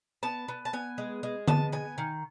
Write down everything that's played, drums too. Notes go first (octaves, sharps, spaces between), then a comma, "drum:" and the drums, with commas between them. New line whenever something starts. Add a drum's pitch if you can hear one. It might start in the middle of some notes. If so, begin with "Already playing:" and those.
B3 A5
B3
A5
B3 G#5
G#3
G#3
B3 A5, drum: tom D3
B3 G#5
D#3